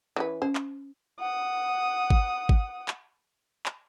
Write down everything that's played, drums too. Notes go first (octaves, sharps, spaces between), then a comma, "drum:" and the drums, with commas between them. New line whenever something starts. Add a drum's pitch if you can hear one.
E3 C#4 B4
C#4 C5
drum: clap
F#5 D#6
drum: kick G#1
drum: kick G#1
drum: clap
drum: clap